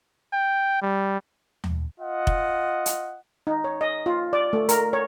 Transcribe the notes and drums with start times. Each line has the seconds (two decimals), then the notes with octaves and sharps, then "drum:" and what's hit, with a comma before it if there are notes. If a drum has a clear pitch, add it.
0.33 G5
0.82 G3
1.64 drum: tom D#2
2.00 F4 D#5 F#5
2.27 drum: kick F1
2.86 drum: hi-hat
3.47 D#4
3.64 C#5
3.81 D#5
4.06 F4
4.33 D5
4.53 A3
4.69 A#4, drum: hi-hat
4.93 C#5